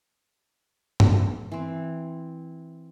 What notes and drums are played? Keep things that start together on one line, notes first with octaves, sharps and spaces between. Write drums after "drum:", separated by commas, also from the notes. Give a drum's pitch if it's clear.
drum: tom G2
E3 C4